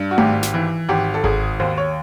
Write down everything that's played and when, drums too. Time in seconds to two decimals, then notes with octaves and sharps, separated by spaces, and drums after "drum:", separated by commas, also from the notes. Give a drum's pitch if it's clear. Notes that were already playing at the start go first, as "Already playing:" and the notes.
Already playing: G2
0.11 F#4
0.18 G#1 G4, drum: tom A3
0.43 drum: snare
0.54 E3
0.89 G#1 G4
1.14 A4
1.24 G#1 G#4, drum: kick G1
1.60 D#2 C5
1.78 C#5